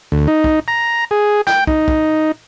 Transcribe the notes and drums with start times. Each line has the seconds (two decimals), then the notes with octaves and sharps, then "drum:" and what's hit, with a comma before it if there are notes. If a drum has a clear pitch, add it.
0.12 D2
0.28 D#4
0.44 drum: kick
0.68 A#5
1.11 G#4
1.47 G5, drum: snare
1.67 D#4, drum: kick
1.88 drum: kick